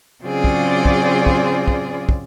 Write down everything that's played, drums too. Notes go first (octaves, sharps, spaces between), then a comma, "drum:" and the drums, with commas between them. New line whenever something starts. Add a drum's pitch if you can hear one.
C#3 F#3 C4 F4 G#4 D5
drum: kick
drum: kick
drum: kick
drum: kick
drum: kick